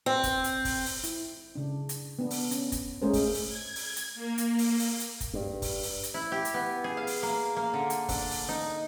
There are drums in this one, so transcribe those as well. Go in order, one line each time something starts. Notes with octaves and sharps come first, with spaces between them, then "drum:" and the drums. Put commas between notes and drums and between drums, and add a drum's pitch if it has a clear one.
C4
drum: kick, hi-hat
drum: hi-hat
drum: kick, open hi-hat
drum: open hi-hat
E4, drum: hi-hat
C#3 D4
drum: hi-hat
B3 D4
drum: open hi-hat
C#4, drum: hi-hat
drum: kick, hi-hat
G#3 A3 C#4 G#4 A#4 C5
drum: kick, open hi-hat
drum: open hi-hat
G#6
drum: open hi-hat
drum: hi-hat
A#3
drum: hi-hat
drum: open hi-hat
drum: open hi-hat
drum: hi-hat
drum: kick, hi-hat
G2
drum: kick, open hi-hat
drum: open hi-hat
drum: hi-hat
E4
G4
drum: hi-hat
B3
G#4
F5
drum: open hi-hat
A#3
A#3
D3
drum: hi-hat
D4, drum: kick, open hi-hat
drum: open hi-hat
D#4